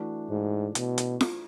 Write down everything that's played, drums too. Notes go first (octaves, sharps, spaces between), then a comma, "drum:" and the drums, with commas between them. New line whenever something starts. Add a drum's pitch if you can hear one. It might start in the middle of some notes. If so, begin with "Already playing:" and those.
Already playing: E3 A3 D4 F#4
G#2
B2, drum: hi-hat
drum: hi-hat
drum: snare F4